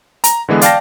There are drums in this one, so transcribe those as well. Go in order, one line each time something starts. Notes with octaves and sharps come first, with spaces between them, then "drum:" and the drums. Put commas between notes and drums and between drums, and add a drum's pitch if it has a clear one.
A#5, drum: hi-hat
D3 E3 G#3 B3
D5 F5 G5 A5 A#6, drum: hi-hat